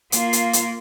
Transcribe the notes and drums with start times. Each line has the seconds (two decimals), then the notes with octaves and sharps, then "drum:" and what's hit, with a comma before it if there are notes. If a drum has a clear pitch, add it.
0.12 A#3 F4, drum: hi-hat
0.33 drum: hi-hat
0.53 drum: hi-hat